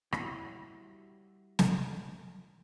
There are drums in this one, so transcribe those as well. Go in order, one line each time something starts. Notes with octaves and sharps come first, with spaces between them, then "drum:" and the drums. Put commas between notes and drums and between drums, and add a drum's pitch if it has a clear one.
G3 E4 F#4 C#5, drum: rim click
drum: snare